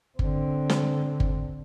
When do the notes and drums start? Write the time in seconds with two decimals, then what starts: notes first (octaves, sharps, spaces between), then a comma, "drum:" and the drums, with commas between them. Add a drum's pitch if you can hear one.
0.19 D3 C4, drum: kick G1
0.69 drum: snare
1.20 drum: kick G1